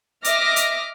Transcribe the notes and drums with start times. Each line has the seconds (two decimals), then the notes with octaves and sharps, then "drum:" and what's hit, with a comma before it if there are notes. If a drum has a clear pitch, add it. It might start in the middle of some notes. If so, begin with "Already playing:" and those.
0.24 D#5 E5 D6 F6 A#6, drum: hi-hat
0.56 drum: hi-hat